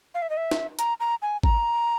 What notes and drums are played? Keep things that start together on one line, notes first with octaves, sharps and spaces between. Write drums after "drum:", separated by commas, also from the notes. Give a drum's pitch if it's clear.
F5
E5
D#5
E5
drum: snare
A#5, drum: hi-hat
A#5
G#5
A#5, drum: kick